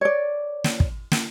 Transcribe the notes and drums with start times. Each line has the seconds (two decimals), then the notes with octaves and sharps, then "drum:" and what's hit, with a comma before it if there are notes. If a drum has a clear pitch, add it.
0.01 C#5 D5
0.64 drum: snare
0.80 drum: kick
1.12 drum: snare